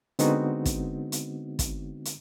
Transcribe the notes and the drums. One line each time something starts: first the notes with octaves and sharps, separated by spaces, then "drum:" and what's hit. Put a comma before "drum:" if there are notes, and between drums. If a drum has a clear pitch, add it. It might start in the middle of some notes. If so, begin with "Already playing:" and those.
D3 G#3 B3 C4 D#4 F#4, drum: hi-hat
drum: kick, hi-hat
drum: hi-hat
drum: kick, hi-hat
drum: hi-hat